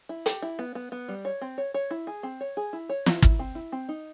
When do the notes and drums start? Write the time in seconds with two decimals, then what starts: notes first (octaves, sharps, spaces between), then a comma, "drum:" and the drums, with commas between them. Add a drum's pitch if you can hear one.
0.09 E4
0.26 G4, drum: hi-hat
0.42 E4
0.59 B3
0.75 B3
0.92 B3
1.08 G3
1.25 C#5
1.41 C4
1.58 C#5
1.74 C#5
1.91 E4
2.07 G#4
2.23 C4
2.41 C#5
2.57 G#4
2.73 E4
2.89 C#5
3.06 E4, drum: snare
3.22 E4, drum: kick
3.39 C4
3.55 E4
3.72 C4
3.89 D#4